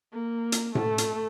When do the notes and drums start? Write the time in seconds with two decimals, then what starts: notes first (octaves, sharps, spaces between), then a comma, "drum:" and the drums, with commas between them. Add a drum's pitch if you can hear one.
0.13 A#3
0.52 drum: hi-hat
0.75 A3, drum: tom A2
0.98 drum: hi-hat